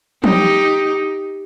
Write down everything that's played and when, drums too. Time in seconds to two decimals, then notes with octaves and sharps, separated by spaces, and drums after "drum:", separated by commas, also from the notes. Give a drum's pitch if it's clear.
0.24 D#4 G4, drum: tom